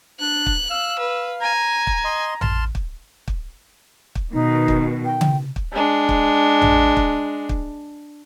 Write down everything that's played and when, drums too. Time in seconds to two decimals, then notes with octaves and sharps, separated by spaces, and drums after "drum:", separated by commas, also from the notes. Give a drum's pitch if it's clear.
0.20 D4 F#6
0.46 drum: kick
0.70 F5 E6
0.99 B4
1.41 G#5 A#5
1.87 drum: kick
2.04 D#5 C6
2.41 A5 C6 F6, drum: tom A1
2.75 drum: kick
3.28 drum: kick
4.15 drum: kick
4.33 B2 D#3 D#4
4.68 drum: kick
5.05 G5
5.21 drum: tom C#3
5.56 drum: kick
5.72 G#3 D4
6.09 drum: kick
6.61 drum: tom A1
6.97 drum: kick
7.49 drum: kick